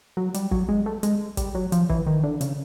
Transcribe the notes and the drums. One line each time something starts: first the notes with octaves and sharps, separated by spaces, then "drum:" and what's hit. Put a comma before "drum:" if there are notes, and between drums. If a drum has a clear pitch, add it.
F#3
G3, drum: hi-hat
F#3, drum: kick
G#3
A3
G#3, drum: hi-hat
G3, drum: kick, hi-hat
F#3
F3, drum: hi-hat
E3, drum: kick
D#3
D3
C#3, drum: hi-hat